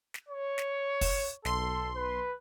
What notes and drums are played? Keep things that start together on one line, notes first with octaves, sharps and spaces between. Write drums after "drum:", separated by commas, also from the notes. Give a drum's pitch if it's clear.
drum: snare
C#5
drum: snare
drum: kick, open hi-hat
B1 A4 C6, drum: snare
B4